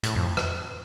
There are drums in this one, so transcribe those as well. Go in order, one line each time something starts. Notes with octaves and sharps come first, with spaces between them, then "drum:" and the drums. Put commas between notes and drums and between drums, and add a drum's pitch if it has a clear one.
A2, drum: hi-hat
F2
drum: rim click